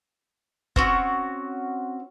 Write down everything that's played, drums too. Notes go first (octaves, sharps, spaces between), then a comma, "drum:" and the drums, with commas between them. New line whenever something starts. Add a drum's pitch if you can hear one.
C4 C#4 F#4, drum: kick